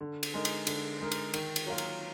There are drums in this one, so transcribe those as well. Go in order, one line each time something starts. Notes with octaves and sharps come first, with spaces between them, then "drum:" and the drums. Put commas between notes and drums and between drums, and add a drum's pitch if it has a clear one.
D3
drum: cymbal
G#3 D#4 A#4
drum: cymbal
D3, drum: cymbal
G#3 D#4 A#4
drum: cymbal
D#3, drum: cymbal
drum: cymbal
F#3 A#3 F4 A#4
drum: cymbal